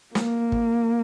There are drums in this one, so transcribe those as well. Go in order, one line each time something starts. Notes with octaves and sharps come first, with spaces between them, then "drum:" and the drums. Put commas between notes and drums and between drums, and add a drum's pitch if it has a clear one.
A#3, drum: snare
drum: kick